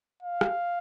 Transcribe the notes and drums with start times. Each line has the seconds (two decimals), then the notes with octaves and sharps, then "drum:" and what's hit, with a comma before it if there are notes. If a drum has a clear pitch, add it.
0.23 F5
0.41 drum: rim click